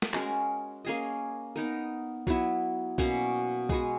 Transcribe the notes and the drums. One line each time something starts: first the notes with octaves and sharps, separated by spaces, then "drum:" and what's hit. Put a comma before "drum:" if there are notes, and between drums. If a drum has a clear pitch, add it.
drum: snare
G#3 C#4 F#4 A#4, drum: clap
A#3 C#4 G#4 D#5
B3 D#4 A#4
F#3 B3 E4, drum: kick B1
B2 A#3 C#4 F#4, drum: kick B1
G#3 B3 F#4, drum: kick B1